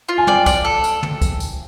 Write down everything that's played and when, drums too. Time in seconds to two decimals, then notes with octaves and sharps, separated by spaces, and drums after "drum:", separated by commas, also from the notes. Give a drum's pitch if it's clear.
0.09 F4
0.18 G#5
0.27 D5 G5, drum: tom
0.46 D5, drum: kick, tambourine
0.65 A4
0.84 drum: tambourine
1.03 drum: tom
1.22 drum: kick, tambourine
1.40 drum: tambourine